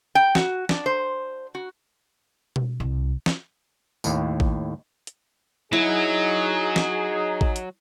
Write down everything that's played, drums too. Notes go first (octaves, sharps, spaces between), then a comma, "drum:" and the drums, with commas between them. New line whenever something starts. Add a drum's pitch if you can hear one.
G5
F#4, drum: snare
D4, drum: snare
C5
F#4
drum: tom B2
C2
drum: snare
D#2 A2, drum: tambourine
drum: kick A1
drum: hi-hat
F#3 D#4 E4 G#4
drum: snare
drum: kick A1
drum: hi-hat